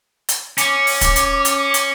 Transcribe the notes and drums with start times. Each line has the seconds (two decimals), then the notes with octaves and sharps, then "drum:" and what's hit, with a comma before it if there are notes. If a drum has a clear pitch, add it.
0.29 drum: hi-hat
0.58 C#4 D6, drum: hi-hat
0.87 drum: open hi-hat
1.01 drum: kick, hi-hat
1.16 drum: hi-hat
1.45 drum: hi-hat
1.74 drum: hi-hat